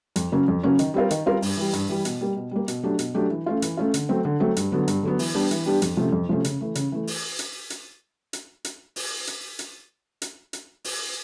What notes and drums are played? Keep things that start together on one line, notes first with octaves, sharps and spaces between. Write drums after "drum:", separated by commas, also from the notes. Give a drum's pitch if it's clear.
F2, drum: hi-hat
C#3 F#3 A#3 C#4
F2
C#3 F#3 A#3 C#4
D#3, drum: hi-hat
G3 C4 F4 A#4
D#3, drum: hi-hat
G3 C4 F4 A#4
G2, drum: open hi-hat
E3 G3
G2, drum: hi-hat
E3 G3
B2, drum: hi-hat
G3 A#3
B2
G3 A#3
B2, drum: hi-hat
F#3 A3 D4 G4
B2, drum: hi-hat
F#3 A3 D4 G4
E3
A3 C#4 F4
E3, drum: hi-hat
A3 C#4 F4
D3, drum: hi-hat
F#3 A3 C4
D3
F#3 A3 C4
G2, drum: hi-hat
D3 F#3 B3
G2, drum: hi-hat
D3 F#3 B3
E3, drum: open hi-hat
G3 B3 D4 G4
E3, drum: hi-hat
G3 B3 D4 G4
F2, drum: hi-hat
C3 F3 A3 C#4
F2
C3 F3 A3 C#4
C#3, drum: hi-hat
E3 A3
C#3, drum: hi-hat
E3 A3
drum: open hi-hat
drum: hi-hat
drum: hi-hat
drum: hi-hat
drum: hi-hat
drum: open hi-hat
drum: hi-hat
drum: hi-hat
drum: hi-hat
drum: hi-hat
drum: open hi-hat